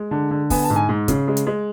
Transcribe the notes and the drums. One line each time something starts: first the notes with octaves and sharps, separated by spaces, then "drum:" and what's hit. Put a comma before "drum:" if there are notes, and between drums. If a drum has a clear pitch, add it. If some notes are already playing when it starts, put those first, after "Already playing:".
Already playing: G#3
D3
D3
B3 G#5, drum: kick, open hi-hat
A5
G#2
G#5
G#2
C#3, drum: kick, hi-hat
G#3
drum: hi-hat
G#3